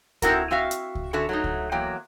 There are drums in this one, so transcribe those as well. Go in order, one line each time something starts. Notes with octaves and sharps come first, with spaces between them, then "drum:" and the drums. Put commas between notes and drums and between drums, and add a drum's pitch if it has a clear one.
C4 D#4 E4 F#4 A4 A#4, drum: kick C#2, hi-hat
C4 F#4 E5 F5
drum: hi-hat
drum: kick C#2
D3 C#4 F#4 A4 E5
F#3 A3 D#4
drum: kick C#2
E2 F#3 A#3 G5